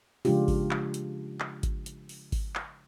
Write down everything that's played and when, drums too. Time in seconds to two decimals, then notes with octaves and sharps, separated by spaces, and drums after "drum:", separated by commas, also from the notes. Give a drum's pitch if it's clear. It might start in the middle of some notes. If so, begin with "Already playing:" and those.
0.25 C#3 F3 G#3 D4 F4 G4, drum: open hi-hat
0.48 drum: kick G#1, open hi-hat
0.71 drum: clap
0.94 drum: hi-hat
1.40 drum: clap
1.63 drum: kick G#1, hi-hat
1.86 drum: hi-hat
2.09 drum: open hi-hat
2.32 drum: kick G#1, open hi-hat
2.55 drum: clap